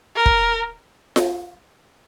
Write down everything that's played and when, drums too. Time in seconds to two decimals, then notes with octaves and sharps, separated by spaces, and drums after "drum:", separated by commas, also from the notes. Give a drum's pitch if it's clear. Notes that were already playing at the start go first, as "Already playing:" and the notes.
0.16 A#4
0.26 drum: kick
1.16 drum: snare F4